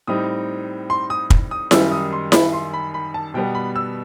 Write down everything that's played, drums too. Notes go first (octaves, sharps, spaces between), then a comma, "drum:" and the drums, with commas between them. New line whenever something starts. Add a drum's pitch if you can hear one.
A2 G3 C4 D#4 D#6
C6
D#6
drum: kick
D#6
F#2 D#3 G3 D#4 E6, drum: snare E4
D#6
C6
B5, drum: snare E4
C6
B5
B5
A5
B2 G3 B3 G5
B5
E6